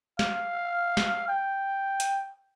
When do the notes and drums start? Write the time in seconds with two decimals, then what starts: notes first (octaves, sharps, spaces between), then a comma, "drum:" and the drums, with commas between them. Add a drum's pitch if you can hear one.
0.19 F5, drum: snare
0.97 drum: snare
1.28 G5
2.00 drum: hi-hat